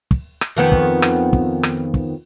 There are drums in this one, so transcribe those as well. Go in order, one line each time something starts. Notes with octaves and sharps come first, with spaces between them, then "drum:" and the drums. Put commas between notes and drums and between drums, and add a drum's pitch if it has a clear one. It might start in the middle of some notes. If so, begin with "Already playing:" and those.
drum: kick
drum: rim click
F2 D#3 B3
drum: kick
drum: rim click
drum: kick
drum: rim click
drum: kick